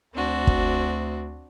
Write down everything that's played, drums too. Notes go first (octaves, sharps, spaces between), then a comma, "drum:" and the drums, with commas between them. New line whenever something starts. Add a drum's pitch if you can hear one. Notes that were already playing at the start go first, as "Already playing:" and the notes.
D2 C4 D4 F#4
drum: kick